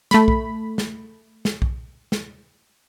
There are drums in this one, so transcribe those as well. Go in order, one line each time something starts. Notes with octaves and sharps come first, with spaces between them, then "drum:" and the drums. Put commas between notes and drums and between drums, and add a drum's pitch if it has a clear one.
A3 B5, drum: snare
drum: kick B1
drum: snare
drum: snare
drum: kick B1
drum: snare